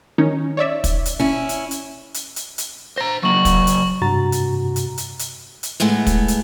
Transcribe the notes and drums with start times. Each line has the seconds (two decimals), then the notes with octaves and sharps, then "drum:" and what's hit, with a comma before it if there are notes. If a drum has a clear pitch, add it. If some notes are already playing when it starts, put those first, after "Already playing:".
0.18 D#3 C#4 D#4
0.57 C#5 D5 E5
0.84 drum: kick, hi-hat
1.05 drum: hi-hat
1.19 C#4 E4
1.49 drum: hi-hat
1.71 drum: hi-hat
2.14 drum: hi-hat
2.36 drum: hi-hat
2.58 drum: hi-hat
2.98 C5 A#5 A#6
3.23 F#3 A#3 C#6 F#7
3.45 drum: kick, hi-hat
3.67 drum: hi-hat
4.02 G2 C3 F#4 A#5 A6
4.32 drum: hi-hat
4.76 drum: hi-hat
4.98 drum: hi-hat
5.19 drum: hi-hat
5.63 drum: hi-hat
5.80 A2 G#3 A3 B3
6.06 drum: kick, hi-hat
6.28 drum: hi-hat